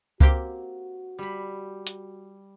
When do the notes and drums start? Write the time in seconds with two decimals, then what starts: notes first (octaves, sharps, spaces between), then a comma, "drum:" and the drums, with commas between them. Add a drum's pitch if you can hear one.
0.20 A#3 C4 F#4 G4, drum: kick C#2
1.19 G3 B5
1.87 drum: hi-hat